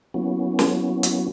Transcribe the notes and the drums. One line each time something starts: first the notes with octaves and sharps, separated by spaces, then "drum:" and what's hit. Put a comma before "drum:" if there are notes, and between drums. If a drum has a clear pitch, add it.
F#3 A#3 B3 C#4 E4 F#4
drum: snare
drum: hi-hat